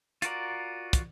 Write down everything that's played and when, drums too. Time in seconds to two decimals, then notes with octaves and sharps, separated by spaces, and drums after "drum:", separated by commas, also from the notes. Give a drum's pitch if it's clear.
0.22 F4 F#4 A#4 D5, drum: hi-hat
0.93 drum: kick, hi-hat